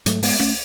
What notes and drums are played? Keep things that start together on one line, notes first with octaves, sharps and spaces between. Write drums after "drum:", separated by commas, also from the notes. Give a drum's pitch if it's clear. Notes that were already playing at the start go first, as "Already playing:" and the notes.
G#2 F#3 A3, drum: hi-hat
G#3 B3, drum: open hi-hat
A3 C#4, drum: rim click